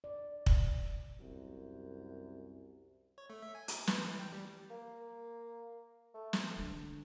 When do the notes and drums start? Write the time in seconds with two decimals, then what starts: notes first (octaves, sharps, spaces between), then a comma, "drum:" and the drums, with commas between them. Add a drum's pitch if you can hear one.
0.04 D5
0.46 drum: kick
1.20 C2 F#2
3.18 C#5
3.30 A3
3.42 E5
3.55 G#5
3.68 D6, drum: hi-hat
3.87 B4, drum: snare
4.04 E3
4.19 G5
4.32 G3
4.70 A#3
6.14 A3
6.33 drum: snare
6.58 D3